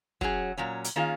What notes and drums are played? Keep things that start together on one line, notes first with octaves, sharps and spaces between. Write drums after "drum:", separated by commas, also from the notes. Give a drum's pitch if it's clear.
F#3 C#4 G#4, drum: kick
A#2 F#3 C#4
drum: hi-hat
D#3 A#3 C#4 F4 G#4